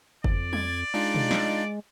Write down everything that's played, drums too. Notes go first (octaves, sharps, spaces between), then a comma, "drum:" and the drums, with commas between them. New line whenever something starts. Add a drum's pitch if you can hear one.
F2 D5, drum: kick F#1
G#6 A6, drum: tom F#3
G#3 D4 D#4 F4
drum: tom B2
drum: snare